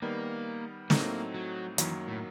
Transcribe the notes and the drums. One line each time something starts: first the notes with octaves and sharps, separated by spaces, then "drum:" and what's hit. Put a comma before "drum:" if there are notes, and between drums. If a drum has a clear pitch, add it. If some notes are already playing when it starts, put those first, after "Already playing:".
D#3 G3 A#3 B3
A2 F#3 A3 A#3 C4 D#4, drum: snare
F#3
F#2 D#3 E3 F#3 A#3, drum: hi-hat
A2